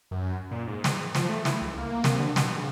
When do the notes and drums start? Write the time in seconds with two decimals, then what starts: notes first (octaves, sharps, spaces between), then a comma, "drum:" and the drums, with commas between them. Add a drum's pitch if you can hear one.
0.11 F#2
0.51 A#2
0.67 G#2
0.84 drum: snare
1.15 F3, drum: snare
1.29 A3
1.45 E4, drum: snare
1.62 C#2
1.78 A#3
2.04 C3, drum: snare
2.19 D3
2.36 B2, drum: snare
2.55 C#3